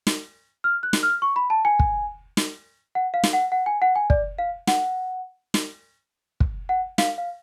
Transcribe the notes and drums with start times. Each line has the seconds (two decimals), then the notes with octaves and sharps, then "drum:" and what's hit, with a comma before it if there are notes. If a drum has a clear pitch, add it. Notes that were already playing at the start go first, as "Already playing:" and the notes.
0.07 drum: snare
0.64 F6
0.83 F#6
0.93 drum: snare
1.03 F6
1.22 C#6
1.36 B5
1.50 A5
1.65 G#5
1.79 drum: kick
2.37 drum: snare
2.95 F#5
3.14 F5
3.24 drum: snare
3.33 F#5
3.52 F#5
3.66 G#5
3.82 F#5
3.96 G#5
4.10 D5, drum: kick
4.38 F5
4.67 F#5, drum: snare
5.54 drum: snare
6.40 drum: kick
6.69 F#5
6.98 F5, drum: snare
7.18 F5